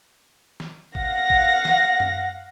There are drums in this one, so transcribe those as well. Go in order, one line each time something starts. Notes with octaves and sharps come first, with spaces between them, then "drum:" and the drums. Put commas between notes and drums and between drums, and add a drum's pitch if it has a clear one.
drum: snare
F5 F#5 A#6, drum: kick
drum: kick
drum: snare
drum: tom F#2